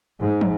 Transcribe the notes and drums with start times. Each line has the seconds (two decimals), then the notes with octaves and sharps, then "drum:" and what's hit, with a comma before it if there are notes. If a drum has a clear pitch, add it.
0.20 G#2
0.41 drum: tom